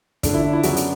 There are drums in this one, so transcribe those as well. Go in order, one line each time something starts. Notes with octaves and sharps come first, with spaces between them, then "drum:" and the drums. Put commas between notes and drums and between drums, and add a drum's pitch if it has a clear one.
D3 A3 D4, drum: kick, hi-hat
E4
D4
E4
F#2 C#3 F#3 B3 D4 F#4, drum: hi-hat
drum: hi-hat